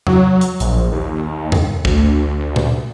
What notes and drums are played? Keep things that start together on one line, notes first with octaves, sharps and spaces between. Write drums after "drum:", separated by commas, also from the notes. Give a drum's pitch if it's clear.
F#3, drum: tom E2
drum: hi-hat
A#1, drum: hi-hat
D#2
drum: tom E2
D2, drum: kick
drum: tom A#2